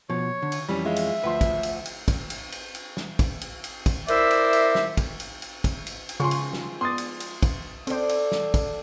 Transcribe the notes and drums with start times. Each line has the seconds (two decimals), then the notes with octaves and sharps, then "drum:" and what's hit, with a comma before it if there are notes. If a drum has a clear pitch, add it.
0.10 B2 F3 C#5
0.42 D3
0.52 drum: cymbal
0.68 F2 E3 G3 C#4
0.85 G#3 F4 E5
0.96 drum: cymbal
1.24 D2 F3 B4 C6
1.41 drum: kick, cymbal
1.63 drum: cymbal
1.85 drum: cymbal
2.08 drum: kick, cymbal
2.30 drum: cymbal
2.52 drum: cymbal
2.75 drum: cymbal
2.97 drum: snare
3.19 drum: kick, cymbal
3.41 drum: cymbal
3.64 drum: cymbal
3.86 drum: kick, cymbal
4.08 E4 A#4 C5 D5 E5, drum: cymbal
4.31 drum: cymbal
4.53 drum: cymbal
4.75 drum: snare
4.97 drum: kick, cymbal
5.20 drum: cymbal
5.42 drum: cymbal
5.64 drum: kick, cymbal
5.87 drum: cymbal
6.09 drum: cymbal
6.20 C#3 F3 G#3 A#3 F4 C6 C#6
6.31 drum: cymbal
6.53 drum: snare
6.81 B3 D5 C6 D#6 A6
6.98 drum: cymbal
7.20 drum: cymbal
7.42 drum: kick, cymbal
7.87 C4 A4 C5 D5, drum: cymbal
8.09 drum: cymbal
8.32 drum: snare
8.54 drum: kick, cymbal